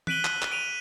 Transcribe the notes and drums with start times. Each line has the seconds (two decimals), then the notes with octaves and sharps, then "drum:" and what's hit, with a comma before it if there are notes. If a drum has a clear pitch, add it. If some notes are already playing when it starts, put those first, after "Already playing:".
0.07 F#6 B6 D7 D#7 F#7 G7, drum: tom E3
0.25 drum: clap
0.42 drum: clap
0.51 D7 D#7 F7